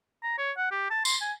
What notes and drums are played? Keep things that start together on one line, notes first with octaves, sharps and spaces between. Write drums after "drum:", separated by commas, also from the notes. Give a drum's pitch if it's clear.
A#5
C#5
F#5
G4
A5
C6, drum: tambourine
G#5